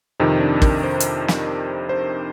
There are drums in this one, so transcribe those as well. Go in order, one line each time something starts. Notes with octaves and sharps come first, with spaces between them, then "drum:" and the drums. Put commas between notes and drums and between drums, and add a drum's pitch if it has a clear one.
F2 C3 D#3 D#4
D4
A#4, drum: kick
C5
drum: hi-hat
drum: snare
C5